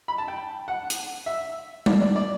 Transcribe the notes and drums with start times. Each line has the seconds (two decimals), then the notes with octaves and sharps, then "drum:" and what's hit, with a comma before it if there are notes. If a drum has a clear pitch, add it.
0.08 B5
0.18 A5
0.28 G5
0.68 F#5
0.90 drum: hi-hat
1.26 E5
1.86 D5, drum: tom G3
2.01 D5
2.16 D5